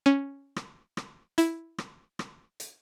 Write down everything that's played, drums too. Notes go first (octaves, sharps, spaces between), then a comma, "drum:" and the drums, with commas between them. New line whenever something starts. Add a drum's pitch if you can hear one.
C#4
drum: rim click
drum: rim click
E4, drum: hi-hat
drum: rim click
drum: rim click
drum: hi-hat